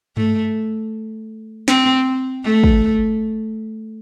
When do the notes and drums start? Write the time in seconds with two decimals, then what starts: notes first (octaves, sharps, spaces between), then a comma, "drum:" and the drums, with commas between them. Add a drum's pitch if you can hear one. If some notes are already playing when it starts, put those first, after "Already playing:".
0.17 A3, drum: tom G2
1.68 C4, drum: snare
2.44 A3
2.64 drum: kick